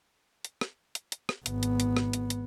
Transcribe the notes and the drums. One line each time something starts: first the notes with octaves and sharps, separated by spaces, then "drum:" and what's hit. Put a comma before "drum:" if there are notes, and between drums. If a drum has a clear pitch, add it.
drum: hi-hat
drum: rim click
drum: hi-hat
drum: hi-hat
drum: rim click
G#1 B3, drum: hi-hat
drum: hi-hat
drum: hi-hat
drum: rim click
drum: hi-hat
drum: hi-hat